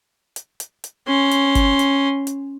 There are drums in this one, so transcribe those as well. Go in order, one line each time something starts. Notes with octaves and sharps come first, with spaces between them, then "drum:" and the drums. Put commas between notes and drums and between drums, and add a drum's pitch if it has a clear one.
drum: hi-hat
drum: hi-hat
drum: hi-hat
C#4 C6
drum: hi-hat
drum: kick G1, hi-hat
drum: hi-hat
drum: hi-hat